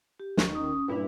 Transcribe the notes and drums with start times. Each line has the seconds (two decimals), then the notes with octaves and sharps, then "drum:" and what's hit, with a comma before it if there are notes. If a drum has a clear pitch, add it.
0.20 G4
0.37 D#2 D#3 C#6, drum: snare
0.55 C#4 D#6
0.88 G2 A#2 D4 E4 B4